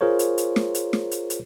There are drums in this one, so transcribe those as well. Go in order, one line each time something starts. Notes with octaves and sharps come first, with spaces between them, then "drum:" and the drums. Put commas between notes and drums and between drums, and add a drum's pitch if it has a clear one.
F4 G#4 A#4 C5 C#5
drum: hi-hat
drum: hi-hat
drum: snare
drum: hi-hat
drum: snare
drum: hi-hat
drum: hi-hat